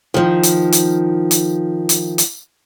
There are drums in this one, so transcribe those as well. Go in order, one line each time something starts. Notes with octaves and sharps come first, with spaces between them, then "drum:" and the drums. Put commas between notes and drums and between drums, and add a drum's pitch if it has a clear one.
D#3 F3
drum: hi-hat
drum: hi-hat
drum: hi-hat
drum: hi-hat
drum: hi-hat